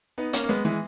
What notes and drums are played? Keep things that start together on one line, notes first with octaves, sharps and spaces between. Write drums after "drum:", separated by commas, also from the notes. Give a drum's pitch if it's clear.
B3 D#4
A#3 C#4, drum: hi-hat
A#3
G#3 B3
E3 G#3